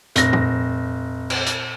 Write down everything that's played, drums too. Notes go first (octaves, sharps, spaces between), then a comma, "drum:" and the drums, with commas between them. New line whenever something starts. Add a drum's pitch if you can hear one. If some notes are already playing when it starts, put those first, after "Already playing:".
F1 A#2 A#6, drum: hi-hat
drum: tom
drum: cymbal
drum: hi-hat